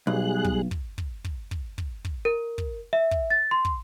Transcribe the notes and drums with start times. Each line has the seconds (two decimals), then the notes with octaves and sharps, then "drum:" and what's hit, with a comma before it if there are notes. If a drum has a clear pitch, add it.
0.07 B1 G3 G#4 F#6
0.44 drum: kick
0.71 drum: kick
0.98 drum: kick
1.24 drum: kick
1.51 drum: kick
1.78 drum: kick
2.05 drum: kick
2.25 A#4
2.58 drum: kick
2.93 E5
3.11 drum: kick
3.30 A6
3.51 C6
3.65 drum: kick